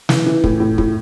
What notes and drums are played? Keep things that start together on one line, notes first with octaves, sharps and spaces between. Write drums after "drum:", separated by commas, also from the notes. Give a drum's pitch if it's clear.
E3, drum: snare
E3
A2, drum: kick
A2
A2, drum: kick